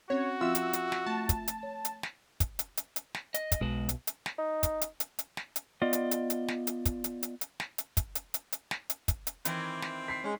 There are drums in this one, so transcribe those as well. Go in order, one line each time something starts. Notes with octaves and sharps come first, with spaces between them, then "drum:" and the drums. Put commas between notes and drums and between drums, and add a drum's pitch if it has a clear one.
C4 C#4 F#4 C#5
F3 C4 F4 E5 E6
drum: hi-hat
drum: hi-hat
drum: snare
A3 A5
drum: kick, hi-hat
drum: hi-hat
C#5
drum: hi-hat
drum: snare
drum: kick, hi-hat
drum: hi-hat
drum: hi-hat
drum: hi-hat
drum: snare
D#5, drum: hi-hat
drum: kick, hi-hat
B1 B2 G#3 F#4
drum: hi-hat
drum: hi-hat
drum: snare
D#4
drum: kick, hi-hat
drum: hi-hat
drum: hi-hat
drum: hi-hat
drum: snare
drum: hi-hat
B3 F4 D5 D#5
drum: hi-hat
drum: hi-hat
drum: hi-hat
drum: snare
drum: hi-hat
drum: kick, hi-hat
drum: hi-hat
drum: hi-hat
drum: hi-hat
drum: snare
drum: hi-hat
drum: kick, hi-hat
drum: hi-hat
drum: hi-hat
drum: hi-hat
drum: snare
drum: hi-hat
drum: kick, hi-hat
drum: hi-hat
D#3 E3 C4, drum: hi-hat
drum: snare
B6 C7
G#3 C#4